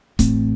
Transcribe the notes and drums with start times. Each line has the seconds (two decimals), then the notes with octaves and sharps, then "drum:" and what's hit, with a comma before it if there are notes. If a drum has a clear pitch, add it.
0.19 A1 A2 A3 C4, drum: kick C#1, hi-hat